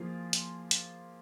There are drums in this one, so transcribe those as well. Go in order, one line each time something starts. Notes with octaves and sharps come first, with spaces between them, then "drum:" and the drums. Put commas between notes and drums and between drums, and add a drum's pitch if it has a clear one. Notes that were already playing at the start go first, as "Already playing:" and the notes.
Already playing: F3 A#3 F4 G#4
drum: hi-hat
drum: hi-hat